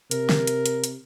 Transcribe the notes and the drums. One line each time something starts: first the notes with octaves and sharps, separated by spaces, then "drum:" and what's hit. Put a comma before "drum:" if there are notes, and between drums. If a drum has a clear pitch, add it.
C3 A#4, drum: hi-hat
drum: snare
drum: hi-hat
drum: hi-hat
drum: hi-hat